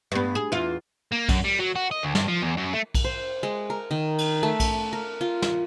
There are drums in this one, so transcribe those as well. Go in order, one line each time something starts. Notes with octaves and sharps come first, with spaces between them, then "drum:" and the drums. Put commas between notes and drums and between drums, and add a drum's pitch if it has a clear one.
G2 B3
G#4
E2 F4
A#3
F#2, drum: kick B1, cymbal
G3
F#3
F#4
D#5
D2
G2, drum: snare
F3
E2
F#2
A3
drum: kick B1, cymbal
C5
G#3
A#4
D#3
drum: cymbal
A3
drum: kick B1, cymbal
A#4
F4
drum: snare